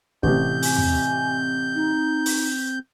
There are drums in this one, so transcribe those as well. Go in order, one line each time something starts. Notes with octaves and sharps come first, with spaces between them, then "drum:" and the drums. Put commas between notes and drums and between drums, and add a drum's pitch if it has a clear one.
A1 C3 C4 G6, drum: kick
G#5, drum: open hi-hat
drum: tom
D#4
drum: open hi-hat